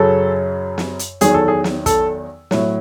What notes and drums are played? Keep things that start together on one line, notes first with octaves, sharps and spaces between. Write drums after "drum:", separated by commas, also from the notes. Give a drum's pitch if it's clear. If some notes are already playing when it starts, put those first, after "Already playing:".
Already playing: F#2 C#3 F#3 A4
drum: snare
drum: hi-hat
E2 D#3 F#3 G#4, drum: hi-hat
A4
G#4
drum: snare
A4, drum: kick, hi-hat
A2 F#3, drum: snare